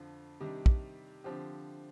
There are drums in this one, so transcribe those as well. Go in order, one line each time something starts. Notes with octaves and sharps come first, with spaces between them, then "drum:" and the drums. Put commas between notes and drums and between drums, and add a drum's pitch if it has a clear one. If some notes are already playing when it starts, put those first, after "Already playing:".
Already playing: F2 D3 F3
C3 D#3 G3 D4
drum: kick
D3 F3 C4 G4